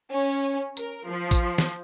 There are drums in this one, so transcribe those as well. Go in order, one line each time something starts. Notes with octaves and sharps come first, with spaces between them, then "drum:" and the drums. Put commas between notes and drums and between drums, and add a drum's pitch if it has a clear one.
C#4
A#4, drum: tambourine
F3
drum: kick, tambourine
drum: snare